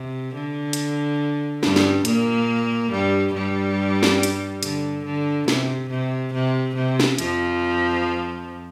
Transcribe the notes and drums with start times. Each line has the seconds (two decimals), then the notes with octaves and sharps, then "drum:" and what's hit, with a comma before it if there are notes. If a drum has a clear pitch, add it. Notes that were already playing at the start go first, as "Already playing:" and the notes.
Already playing: C3
0.34 D3
0.73 drum: hi-hat
1.63 G2 G3, drum: snare
1.76 drum: snare
2.05 A#2 A#3, drum: hi-hat
2.91 G2 G3
3.33 G2 G3
4.03 drum: snare
4.23 drum: hi-hat
4.63 D3, drum: hi-hat
5.05 D3
5.48 C3, drum: snare
5.90 C3
6.33 C3
6.75 C3
7.00 drum: snare
7.18 F2 F3, drum: hi-hat